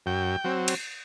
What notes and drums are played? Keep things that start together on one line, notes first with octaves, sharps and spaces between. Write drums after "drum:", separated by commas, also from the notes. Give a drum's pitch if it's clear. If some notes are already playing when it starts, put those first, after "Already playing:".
F#2 G5
F#3 C4
drum: cymbal